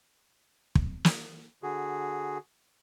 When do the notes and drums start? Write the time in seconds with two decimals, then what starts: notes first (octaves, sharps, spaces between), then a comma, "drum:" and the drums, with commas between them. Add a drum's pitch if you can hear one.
0.75 drum: kick
1.05 drum: snare
1.63 D3 F#4 G#4